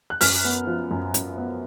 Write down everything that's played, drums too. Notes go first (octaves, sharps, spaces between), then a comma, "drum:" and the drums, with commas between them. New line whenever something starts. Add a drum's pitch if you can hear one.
F#6
F#2 F6, drum: open hi-hat
B3
F3
F#2
F#2, drum: hi-hat
B3